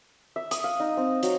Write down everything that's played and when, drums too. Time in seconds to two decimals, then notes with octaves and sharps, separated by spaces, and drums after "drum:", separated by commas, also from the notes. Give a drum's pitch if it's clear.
0.36 E5
0.51 D#6, drum: hi-hat
0.64 F5
0.80 D#4
0.97 C4
1.23 F#3, drum: hi-hat